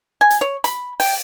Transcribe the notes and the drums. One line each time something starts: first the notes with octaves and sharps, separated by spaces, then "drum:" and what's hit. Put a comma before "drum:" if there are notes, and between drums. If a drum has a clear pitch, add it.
G#5
drum: hi-hat
C#5
B5, drum: hi-hat
G5, drum: open hi-hat